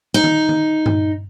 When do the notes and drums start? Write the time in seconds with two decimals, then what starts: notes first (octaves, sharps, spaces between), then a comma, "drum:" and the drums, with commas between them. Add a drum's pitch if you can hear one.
0.14 D#4
0.24 drum: tom D#3
0.49 drum: tom D#3
0.86 drum: tom G2